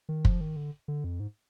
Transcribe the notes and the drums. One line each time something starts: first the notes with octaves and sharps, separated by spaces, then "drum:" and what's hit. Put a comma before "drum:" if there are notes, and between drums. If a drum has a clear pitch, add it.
D#3
F3, drum: kick
D#3
D3
D3
F2
G#2